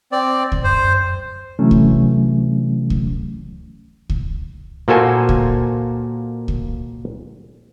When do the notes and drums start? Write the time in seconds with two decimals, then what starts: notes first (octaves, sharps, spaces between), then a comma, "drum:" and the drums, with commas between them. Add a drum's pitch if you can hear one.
0.12 C4 D5
0.52 drum: kick C#2
0.64 F#2 C5
1.59 C3 E3 F#3 A3 C#4
1.71 drum: kick C#2
2.90 drum: kick C#2
4.10 drum: kick C#2
4.88 A#2 A#3 F#4 A4 C5 G#5
5.29 drum: kick C#2
6.48 drum: kick C#2